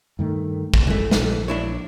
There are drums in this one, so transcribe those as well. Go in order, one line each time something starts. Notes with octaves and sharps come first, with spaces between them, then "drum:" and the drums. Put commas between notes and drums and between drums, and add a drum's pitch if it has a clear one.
G2 D#3 A3
drum: kick
F#1 F2 E3 G#3 A3
A#1, drum: snare
D4 E4 C#5